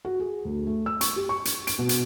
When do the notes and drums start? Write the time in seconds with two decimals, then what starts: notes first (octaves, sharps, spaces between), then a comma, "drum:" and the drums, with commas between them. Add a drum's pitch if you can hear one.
0.05 F#4
0.20 G#4
0.45 D2
0.67 A3
0.86 E6
1.01 C#6, drum: hi-hat
1.16 G4
1.29 C#6
1.45 drum: hi-hat
1.67 D7, drum: hi-hat
1.79 B2
1.89 drum: hi-hat